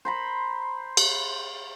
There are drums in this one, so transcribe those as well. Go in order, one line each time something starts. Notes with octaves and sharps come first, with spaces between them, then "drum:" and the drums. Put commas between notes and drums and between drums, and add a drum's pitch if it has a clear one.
C5 A#5 B5
drum: cymbal